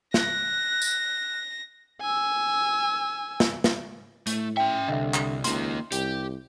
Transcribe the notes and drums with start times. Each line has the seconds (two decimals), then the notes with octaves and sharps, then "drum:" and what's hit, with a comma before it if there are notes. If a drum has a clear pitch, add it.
0.14 F#6 A#6, drum: snare
0.82 drum: tambourine
2.01 G#5 E6
3.40 drum: snare
3.64 drum: snare
4.27 A2 A3, drum: hi-hat
4.57 C#4 E5 G5
4.88 C2 D3 D#5 E5
5.14 drum: clap
5.44 C#2 A#3 D#4 C6, drum: hi-hat
5.92 C2 G4, drum: hi-hat